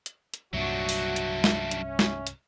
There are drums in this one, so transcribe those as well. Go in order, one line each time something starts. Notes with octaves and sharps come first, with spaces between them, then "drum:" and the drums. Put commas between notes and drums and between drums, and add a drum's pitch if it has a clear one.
drum: hi-hat
drum: hi-hat
C2 G2 A#2 F#3 D4 F#4 E5
drum: open hi-hat
drum: hi-hat
drum: snare
C#4, drum: hi-hat
drum: snare
drum: hi-hat